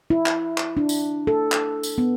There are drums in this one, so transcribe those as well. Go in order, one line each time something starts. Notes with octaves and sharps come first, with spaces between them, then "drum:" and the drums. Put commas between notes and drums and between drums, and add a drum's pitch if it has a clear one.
E4
drum: clap
drum: clap
D4
drum: tambourine
A4
drum: clap
drum: tambourine
B3